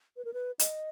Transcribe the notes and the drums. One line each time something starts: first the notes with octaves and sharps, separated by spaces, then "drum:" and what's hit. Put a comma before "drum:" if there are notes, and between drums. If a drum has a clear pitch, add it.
B4
A#4
B4
D#5, drum: hi-hat